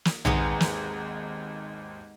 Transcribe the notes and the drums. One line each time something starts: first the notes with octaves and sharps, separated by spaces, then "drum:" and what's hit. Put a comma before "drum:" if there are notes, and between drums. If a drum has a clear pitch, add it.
drum: snare
G#1 D#2 G#3 B3 D#4 C#7, drum: tom
drum: snare